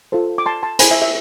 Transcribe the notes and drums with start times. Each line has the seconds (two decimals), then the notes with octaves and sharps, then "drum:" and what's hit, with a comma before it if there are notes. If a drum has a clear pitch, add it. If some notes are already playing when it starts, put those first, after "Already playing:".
0.12 F4 A4 C5
0.38 D6
0.46 A5 C6
0.63 A5 C6
0.79 E4 G#4 C5 G#5 B5, drum: hi-hat
0.90 E5 G#5
1.02 E5